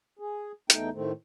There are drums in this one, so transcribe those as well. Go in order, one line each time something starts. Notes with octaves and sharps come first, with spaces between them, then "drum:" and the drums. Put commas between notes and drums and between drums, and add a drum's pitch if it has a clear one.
G#4
E2 A3 D#4 G5, drum: hi-hat
A2 D#3 A3 C4